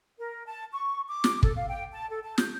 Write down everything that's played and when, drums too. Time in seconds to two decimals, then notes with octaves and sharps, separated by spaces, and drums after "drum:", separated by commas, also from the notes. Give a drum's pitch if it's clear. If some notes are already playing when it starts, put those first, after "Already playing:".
0.18 A#4
0.46 A5
0.72 C#6
1.08 D6
1.24 drum: snare
1.43 A4, drum: kick
1.56 F5
1.68 G5
1.92 A5
2.09 A4
2.23 A5
2.38 G6, drum: snare